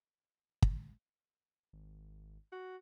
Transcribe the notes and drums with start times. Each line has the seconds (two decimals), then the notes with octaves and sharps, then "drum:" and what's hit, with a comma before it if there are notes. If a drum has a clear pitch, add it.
0.62 drum: kick
1.73 G#1
2.52 F#4